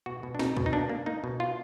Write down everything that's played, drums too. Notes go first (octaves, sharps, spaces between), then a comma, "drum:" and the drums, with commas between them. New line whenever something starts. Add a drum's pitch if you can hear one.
B2 F#4
B2
D4
B2 D#4, drum: snare
B2, drum: kick
D#4
A#3 D4
A#3
A#3 D#4
B2
F4